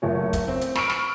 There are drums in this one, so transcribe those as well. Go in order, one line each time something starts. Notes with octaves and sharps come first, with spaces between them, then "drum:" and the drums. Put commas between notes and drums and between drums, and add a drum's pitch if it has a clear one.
F#1 A3 C#5
drum: kick, hi-hat
C4
drum: hi-hat
B5 C#6 E6 F6 D7, drum: snare
drum: snare